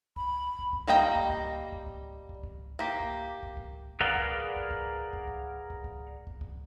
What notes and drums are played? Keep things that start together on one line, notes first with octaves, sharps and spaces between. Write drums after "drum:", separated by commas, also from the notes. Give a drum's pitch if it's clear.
B5, drum: kick
drum: kick
drum: kick
G3 A#3 D#5 G5 A#5
drum: kick
drum: kick
drum: kick
drum: kick
drum: kick
drum: kick
A#3 G4
drum: kick
drum: kick
drum: kick
G#4 A#4 B4 D5 F5 F#5, drum: kick
drum: kick
drum: kick
drum: kick
drum: kick
drum: kick
drum: kick
drum: kick
drum: kick
drum: kick